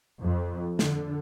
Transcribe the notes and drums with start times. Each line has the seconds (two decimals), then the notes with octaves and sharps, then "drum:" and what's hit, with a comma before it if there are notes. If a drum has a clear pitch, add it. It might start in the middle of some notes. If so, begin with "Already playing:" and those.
0.21 F2
0.79 D3, drum: snare